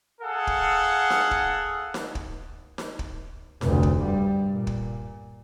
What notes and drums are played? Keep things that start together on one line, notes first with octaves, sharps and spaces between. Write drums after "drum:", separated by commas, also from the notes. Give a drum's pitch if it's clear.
G#4 A4 F5 F#5
drum: kick
drum: snare D#4
drum: kick
drum: snare D#4
drum: kick
drum: snare D#4
drum: kick
F1 D2, drum: snare D#4
drum: kick
G2 G3
A#2
drum: kick